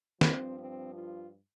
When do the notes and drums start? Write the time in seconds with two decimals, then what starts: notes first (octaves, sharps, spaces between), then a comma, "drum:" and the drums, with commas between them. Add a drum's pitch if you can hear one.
0.21 G2 F3 C4, drum: snare
0.58 C4
0.94 F4